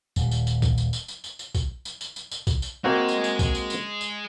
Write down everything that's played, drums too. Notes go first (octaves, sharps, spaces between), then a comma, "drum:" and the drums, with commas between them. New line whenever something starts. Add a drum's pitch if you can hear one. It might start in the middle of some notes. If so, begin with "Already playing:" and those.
D#1 G3, drum: tambourine
drum: tambourine
drum: tambourine
drum: kick B1, tambourine
drum: tambourine
drum: tambourine
drum: tambourine
drum: tambourine
drum: tambourine
drum: kick B1, tambourine
drum: tambourine
drum: tambourine
drum: tambourine
drum: tambourine
drum: kick B1, tambourine
drum: tambourine
A#3 C4 F#4 G#4 D#5
drum: tambourine
drum: tambourine
drum: kick B1, tambourine
drum: tambourine
drum: tambourine
drum: tambourine